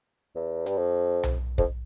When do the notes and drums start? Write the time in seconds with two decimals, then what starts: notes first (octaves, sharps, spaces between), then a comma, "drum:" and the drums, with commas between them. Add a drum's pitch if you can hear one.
0.35 E2
0.66 G2, drum: hi-hat
0.77 F2
1.23 drum: tom B1
1.58 F2, drum: kick